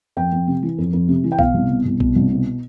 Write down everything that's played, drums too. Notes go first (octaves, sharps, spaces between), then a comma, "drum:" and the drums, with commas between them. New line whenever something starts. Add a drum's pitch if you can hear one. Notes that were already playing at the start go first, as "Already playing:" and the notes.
F2 G5
F2
C3
E3
F2
F2
C3
E3
G5
B2 F5, drum: kick B1
C2
B2
C2
B2, drum: kick B1
C2
B2